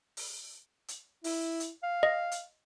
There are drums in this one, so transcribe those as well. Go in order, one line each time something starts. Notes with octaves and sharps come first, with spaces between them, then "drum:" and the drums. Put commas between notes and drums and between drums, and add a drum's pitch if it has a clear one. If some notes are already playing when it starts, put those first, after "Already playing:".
drum: open hi-hat
drum: hi-hat
E4, drum: open hi-hat
drum: hi-hat
F5
D#5
drum: hi-hat